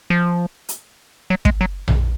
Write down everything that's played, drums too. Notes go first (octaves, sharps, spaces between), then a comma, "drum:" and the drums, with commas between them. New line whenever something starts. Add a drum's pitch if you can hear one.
F3
drum: hi-hat
F#3
G#3, drum: kick
F#3
drum: tom A#1